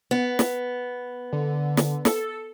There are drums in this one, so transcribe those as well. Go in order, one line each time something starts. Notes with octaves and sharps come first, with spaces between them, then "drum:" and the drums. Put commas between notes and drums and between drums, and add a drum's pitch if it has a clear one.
B3
drum: snare
D3
drum: snare
A4, drum: snare